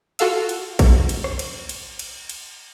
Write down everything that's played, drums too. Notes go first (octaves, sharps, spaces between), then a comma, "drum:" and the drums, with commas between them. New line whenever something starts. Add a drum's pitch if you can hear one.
F4 F#4 A4 F5 E6, drum: cymbal
drum: cymbal
drum: kick, cymbal
drum: cymbal
drum: rim click
drum: cymbal
drum: cymbal
drum: cymbal
drum: cymbal